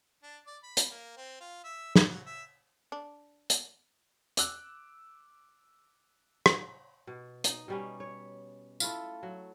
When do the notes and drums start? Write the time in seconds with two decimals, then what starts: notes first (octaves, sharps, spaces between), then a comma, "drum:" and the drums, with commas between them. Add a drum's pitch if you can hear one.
0.24 D4
0.47 D5
0.63 B5
0.77 drum: hi-hat
0.91 A#3
1.17 C4
1.41 F4
1.64 E5
1.96 C5, drum: snare
2.09 F#3
2.26 E5
2.92 D4
3.50 drum: hi-hat
4.37 D6 E6 F#6, drum: hi-hat
6.46 drum: rim click
7.07 B2
7.44 D#4, drum: hi-hat
7.68 B2 G3 C#4
8.00 C#5
8.80 A3 E4 F4, drum: tambourine
9.23 F#3